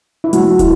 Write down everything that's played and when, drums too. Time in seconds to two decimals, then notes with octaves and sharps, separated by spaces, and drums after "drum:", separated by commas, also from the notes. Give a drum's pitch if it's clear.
0.24 E4
0.33 F#3 F#4, drum: hi-hat
0.51 F#4
0.59 E4, drum: kick, hi-hat